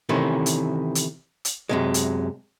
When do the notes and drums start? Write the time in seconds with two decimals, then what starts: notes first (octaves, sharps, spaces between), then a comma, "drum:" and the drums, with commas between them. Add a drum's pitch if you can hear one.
0.09 C3 D#3 E3 A3 C#4
0.46 drum: hi-hat
0.95 drum: hi-hat
1.45 drum: hi-hat
1.69 F#2 C3 G#3
1.94 drum: hi-hat